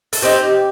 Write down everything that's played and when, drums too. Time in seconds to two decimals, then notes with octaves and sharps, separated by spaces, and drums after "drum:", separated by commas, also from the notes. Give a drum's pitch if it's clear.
0.13 A4, drum: open hi-hat
0.22 C4 D#4 G4